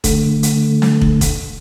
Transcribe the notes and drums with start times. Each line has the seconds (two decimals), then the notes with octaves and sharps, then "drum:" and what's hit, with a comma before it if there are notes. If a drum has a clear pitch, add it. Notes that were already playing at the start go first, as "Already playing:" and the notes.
0.04 D3 A3, drum: kick, hi-hat
0.43 drum: hi-hat
0.82 drum: snare
1.01 drum: kick
1.21 drum: kick, hi-hat